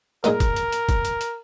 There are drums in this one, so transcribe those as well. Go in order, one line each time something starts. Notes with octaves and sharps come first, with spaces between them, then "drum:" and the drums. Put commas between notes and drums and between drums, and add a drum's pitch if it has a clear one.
A#2 G#3 D#4 G#4 A#4, drum: hi-hat
drum: kick, hi-hat
drum: hi-hat
drum: hi-hat
drum: kick, hi-hat
drum: hi-hat
drum: hi-hat